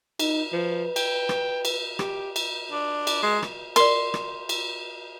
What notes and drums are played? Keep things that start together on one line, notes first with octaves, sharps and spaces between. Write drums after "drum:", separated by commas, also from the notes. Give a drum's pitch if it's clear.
D#4, drum: cymbal
F3 B4
G5, drum: cymbal
drum: rim click
drum: cymbal
G4, drum: rim click
drum: cymbal
D4
drum: cymbal
G#3
drum: rim click
A#4 D5 C6, drum: cymbal
drum: rim click
drum: cymbal